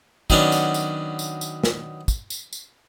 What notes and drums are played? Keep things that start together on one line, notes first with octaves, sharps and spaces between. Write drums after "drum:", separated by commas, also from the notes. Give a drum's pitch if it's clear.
D#3 F#3 B3 C#4 D4, drum: kick, tambourine
drum: tambourine
drum: tambourine
drum: tambourine
drum: tambourine
drum: snare
drum: kick, tambourine
drum: tambourine
drum: tambourine